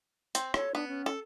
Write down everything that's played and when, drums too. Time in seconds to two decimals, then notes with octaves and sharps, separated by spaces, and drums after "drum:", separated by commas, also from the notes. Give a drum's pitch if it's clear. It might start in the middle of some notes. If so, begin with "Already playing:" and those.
0.35 C4, drum: hi-hat
0.54 A4 C#5, drum: rim click
0.75 B3 D4
0.88 C#4
1.06 A4